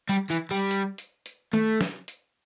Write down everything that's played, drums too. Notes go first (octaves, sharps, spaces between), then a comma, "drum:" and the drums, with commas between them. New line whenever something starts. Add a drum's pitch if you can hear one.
G3
E3
G3
drum: hi-hat
drum: hi-hat
drum: hi-hat
A3, drum: tom D#3
drum: snare
drum: hi-hat